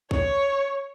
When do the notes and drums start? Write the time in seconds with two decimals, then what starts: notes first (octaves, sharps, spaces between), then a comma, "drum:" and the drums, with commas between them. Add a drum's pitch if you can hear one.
0.11 C#5, drum: kick